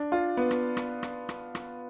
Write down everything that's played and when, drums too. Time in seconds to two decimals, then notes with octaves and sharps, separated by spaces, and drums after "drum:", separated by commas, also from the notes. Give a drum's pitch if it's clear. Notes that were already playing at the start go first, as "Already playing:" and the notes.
Already playing: D4
0.12 F4
0.37 B3
0.51 drum: rim click
0.77 drum: rim click
1.03 drum: rim click
1.29 drum: rim click
1.55 drum: rim click